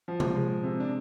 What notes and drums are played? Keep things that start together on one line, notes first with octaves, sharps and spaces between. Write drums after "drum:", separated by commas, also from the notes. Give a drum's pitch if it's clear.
F3
drum: tom C3
G#3
C3
D4